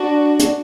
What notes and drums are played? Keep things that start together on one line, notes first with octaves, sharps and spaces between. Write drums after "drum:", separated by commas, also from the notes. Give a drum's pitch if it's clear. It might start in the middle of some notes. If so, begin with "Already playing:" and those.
Already playing: D4 F#4
drum: hi-hat